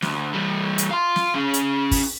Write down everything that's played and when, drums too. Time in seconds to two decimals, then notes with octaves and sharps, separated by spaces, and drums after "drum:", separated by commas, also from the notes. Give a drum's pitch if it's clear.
0.02 D2, drum: snare
0.34 E3 G3
0.78 drum: hi-hat
0.91 F5 C6
1.16 drum: snare
1.35 C#4 G#4
1.54 drum: hi-hat
1.91 drum: kick, open hi-hat